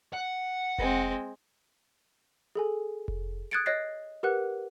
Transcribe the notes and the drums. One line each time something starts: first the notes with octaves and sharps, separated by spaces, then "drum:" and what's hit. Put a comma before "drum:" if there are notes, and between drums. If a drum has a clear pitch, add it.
F#5
G#3 C4, drum: kick F1
G#4 A4 G#5
drum: kick F1
D#6 F#6 G#6 A6 C#7 D7
C#5 D#5 F#6 A6 A#6 C7
G4 A#4 B4 F#5 F#6